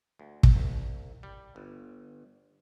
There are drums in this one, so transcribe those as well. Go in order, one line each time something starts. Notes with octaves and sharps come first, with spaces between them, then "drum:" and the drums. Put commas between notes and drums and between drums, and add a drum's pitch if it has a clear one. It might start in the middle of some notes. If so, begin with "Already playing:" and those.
D2
drum: kick
C2
G3
G1